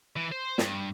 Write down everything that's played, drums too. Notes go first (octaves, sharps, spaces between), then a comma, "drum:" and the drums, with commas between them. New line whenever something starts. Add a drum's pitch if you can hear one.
E3
C5
G2, drum: snare